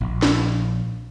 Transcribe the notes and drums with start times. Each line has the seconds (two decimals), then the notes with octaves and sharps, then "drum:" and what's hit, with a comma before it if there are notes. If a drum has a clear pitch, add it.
0.01 A#1
0.22 drum: snare